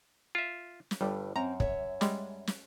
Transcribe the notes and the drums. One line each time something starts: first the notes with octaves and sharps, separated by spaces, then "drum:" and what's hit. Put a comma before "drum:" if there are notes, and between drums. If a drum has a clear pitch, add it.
F4 E5
drum: snare
G1 G2 G3
F#2 C4 A#5
C#5 E5, drum: kick
G3 G#3, drum: snare
drum: snare